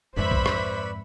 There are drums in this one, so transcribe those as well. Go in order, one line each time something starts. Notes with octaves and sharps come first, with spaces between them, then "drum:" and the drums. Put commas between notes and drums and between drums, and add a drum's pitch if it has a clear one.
F2 G#2 B4 C5 D5 E5 B5 C#6
drum: kick B1
drum: rim click